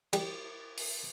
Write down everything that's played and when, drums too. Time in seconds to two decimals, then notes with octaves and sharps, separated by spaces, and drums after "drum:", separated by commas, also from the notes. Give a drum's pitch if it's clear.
0.13 G3, drum: cymbal
0.78 drum: open hi-hat